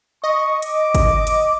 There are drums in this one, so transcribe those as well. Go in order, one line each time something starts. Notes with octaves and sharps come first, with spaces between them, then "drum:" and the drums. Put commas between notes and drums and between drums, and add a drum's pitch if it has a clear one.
D#5 C#6
D6, drum: hi-hat
drum: kick G1, hi-hat
drum: hi-hat